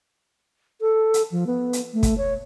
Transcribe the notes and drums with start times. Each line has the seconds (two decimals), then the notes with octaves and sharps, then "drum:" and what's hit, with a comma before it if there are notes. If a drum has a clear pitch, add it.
0.81 A4
1.14 drum: hi-hat
1.31 F3
1.47 B3
1.73 drum: hi-hat
1.93 A3
2.03 drum: kick, hi-hat
2.18 C#5